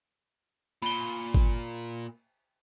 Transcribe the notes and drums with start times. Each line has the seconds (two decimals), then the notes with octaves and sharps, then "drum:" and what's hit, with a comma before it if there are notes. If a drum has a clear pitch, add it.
0.82 A#2 B5 G7, drum: cymbal
1.34 drum: kick G#1